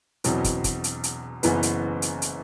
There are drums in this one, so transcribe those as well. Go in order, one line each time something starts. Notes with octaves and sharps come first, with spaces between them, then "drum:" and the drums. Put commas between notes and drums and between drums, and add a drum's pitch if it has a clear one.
E1 E2 B2 F#3 C4, drum: hi-hat
drum: kick, hi-hat
drum: kick, hi-hat
drum: hi-hat
drum: hi-hat
F#1 F#2 E3 B3, drum: hi-hat
drum: hi-hat
drum: hi-hat
drum: hi-hat